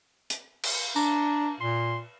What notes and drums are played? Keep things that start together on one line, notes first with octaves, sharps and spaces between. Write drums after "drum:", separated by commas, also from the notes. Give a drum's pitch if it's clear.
drum: hi-hat
drum: cymbal
D4 A#5, drum: tambourine
A#2 C6